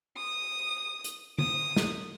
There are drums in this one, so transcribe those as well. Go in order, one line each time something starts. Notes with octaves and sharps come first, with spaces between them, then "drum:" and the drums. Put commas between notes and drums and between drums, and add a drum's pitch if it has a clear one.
D#6
drum: hi-hat
D#6, drum: tom D3
drum: snare